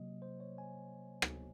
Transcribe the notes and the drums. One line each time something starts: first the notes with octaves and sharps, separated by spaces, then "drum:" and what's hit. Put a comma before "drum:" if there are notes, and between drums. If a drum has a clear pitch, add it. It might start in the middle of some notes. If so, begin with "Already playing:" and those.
Already playing: C3 F#3 A#3 D#5
C5
C#5
G#5
drum: rim click